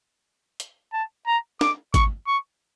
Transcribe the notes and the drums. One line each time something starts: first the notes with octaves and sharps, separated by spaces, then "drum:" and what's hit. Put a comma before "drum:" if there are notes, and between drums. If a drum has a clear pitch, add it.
drum: hi-hat
A5
A#5
D6, drum: snare
C#6, drum: kick G#1, hi-hat
C#6